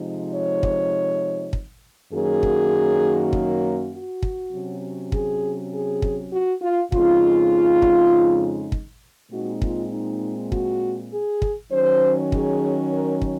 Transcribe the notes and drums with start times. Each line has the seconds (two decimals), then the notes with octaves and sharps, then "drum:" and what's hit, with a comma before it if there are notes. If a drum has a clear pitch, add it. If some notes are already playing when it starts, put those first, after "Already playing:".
Already playing: C3 F3 G#3 D#4
0.33 C#5
0.63 drum: kick
1.53 drum: kick
2.13 F#2 D#3 F#3 A#3 G#4
2.43 drum: kick
3.33 drum: kick
3.93 F#4
4.23 drum: kick
4.52 C3 F#3 C#4
5.12 G#4, drum: kick
5.72 G#4
6.02 drum: kick
6.32 F#4
6.62 F4
6.92 F2 C#3 G#3 D#4 F4, drum: kick
7.82 drum: kick
8.72 drum: kick
9.31 A#2 G#3 C4 D#4 F#4
9.62 F4, drum: kick
9.92 D#4
10.52 F#4, drum: kick
11.12 G#4
11.42 drum: kick
11.71 D#3 F#3 C#4 C5
12.32 G#4, drum: kick
12.92 A#4
13.22 drum: kick